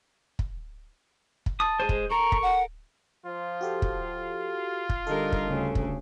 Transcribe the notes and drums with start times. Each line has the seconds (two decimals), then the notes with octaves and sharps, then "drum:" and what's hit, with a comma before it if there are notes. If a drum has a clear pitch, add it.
0.39 drum: kick
1.46 drum: kick
1.60 A5 D#6
1.80 G#3 G#4 C5
1.89 drum: kick
2.11 A4 A#4 A#5 C#6
2.32 drum: kick
2.43 F#5
3.26 F3 F4
3.61 F#4 G4 A4
3.82 drum: kick
4.89 drum: kick
5.07 D3 G3 D#4 A4 A#4
5.32 drum: kick
5.48 D2 C#3
5.75 drum: kick